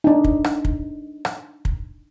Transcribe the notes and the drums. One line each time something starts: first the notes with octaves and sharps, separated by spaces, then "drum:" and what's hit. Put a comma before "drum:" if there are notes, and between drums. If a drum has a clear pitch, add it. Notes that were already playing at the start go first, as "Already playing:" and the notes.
D4 D#4
drum: kick
drum: rim click
drum: kick
drum: rim click
drum: kick